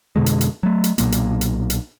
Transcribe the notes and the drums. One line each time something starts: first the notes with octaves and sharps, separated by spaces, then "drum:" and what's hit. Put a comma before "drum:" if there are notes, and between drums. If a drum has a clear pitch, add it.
F2 B2 D3 G#3
drum: hi-hat
drum: hi-hat
F#3 A3
drum: hi-hat
B1 A#2 F#3 A#3, drum: hi-hat
drum: hi-hat
drum: hi-hat
drum: hi-hat